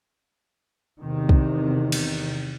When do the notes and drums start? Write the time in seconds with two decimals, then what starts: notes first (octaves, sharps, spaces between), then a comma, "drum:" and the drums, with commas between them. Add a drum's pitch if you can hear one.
1.01 E2 C3 D#3
1.29 drum: kick
1.92 drum: cymbal